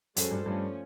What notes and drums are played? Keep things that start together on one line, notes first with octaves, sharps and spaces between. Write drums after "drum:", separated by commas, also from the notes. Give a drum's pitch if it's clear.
F#2 G#3 C#4 F#4 A4 C5, drum: hi-hat
G2
G2 F3 A3 C#4